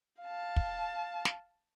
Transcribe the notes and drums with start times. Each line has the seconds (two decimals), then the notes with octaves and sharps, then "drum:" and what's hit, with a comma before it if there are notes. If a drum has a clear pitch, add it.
0.22 F5 A5
0.56 drum: kick
1.25 drum: snare